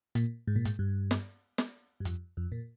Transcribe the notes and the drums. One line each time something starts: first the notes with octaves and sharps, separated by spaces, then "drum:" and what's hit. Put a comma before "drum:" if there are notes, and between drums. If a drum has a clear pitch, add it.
A#2, drum: hi-hat
G#2
A#2
G#2, drum: hi-hat
G2
drum: snare
drum: snare
G2
F2, drum: hi-hat
F2
A#2